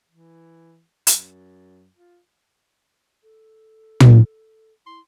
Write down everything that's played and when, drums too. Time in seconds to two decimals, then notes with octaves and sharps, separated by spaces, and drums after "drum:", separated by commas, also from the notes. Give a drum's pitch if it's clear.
0.09 E3
1.07 F#2, drum: hi-hat
1.95 F4
3.23 A4
4.00 drum: tom
4.86 E4 C6